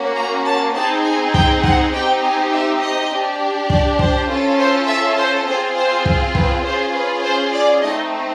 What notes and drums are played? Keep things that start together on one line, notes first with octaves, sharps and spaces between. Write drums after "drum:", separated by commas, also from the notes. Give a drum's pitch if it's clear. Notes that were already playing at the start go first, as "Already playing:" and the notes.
Already playing: A#3 C#4 F#4
A#5
A5
C4 D#4 G#4 A5
G#5
G5, drum: kick
F#5, drum: kick
C4 D#4 G4 G5
G#5
E5
D#5
D4 G4
D5, drum: kick
C5, drum: kick
C#4 F4 A4
C5
E5
C5
C4 F4 G#4 C5
C5
drum: kick
B4, drum: kick
C#4 F4 G#4 C5
B4
C5
D5
A3 C4 D#4 D#5